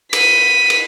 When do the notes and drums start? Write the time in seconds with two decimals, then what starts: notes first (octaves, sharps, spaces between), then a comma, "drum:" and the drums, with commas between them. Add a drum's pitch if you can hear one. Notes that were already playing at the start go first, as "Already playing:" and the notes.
0.13 B6 D#7, drum: cymbal
0.70 drum: cymbal